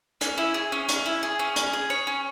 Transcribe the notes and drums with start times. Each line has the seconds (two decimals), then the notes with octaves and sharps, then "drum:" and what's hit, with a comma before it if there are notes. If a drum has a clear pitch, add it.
0.21 C#4, drum: hi-hat
0.38 E4
0.54 G#4
0.72 C#4
0.88 C#4, drum: hi-hat
1.06 E4
1.23 G#4
1.39 C#4
1.56 C#4, drum: hi-hat
1.73 G#4
1.90 C#5
2.07 C#4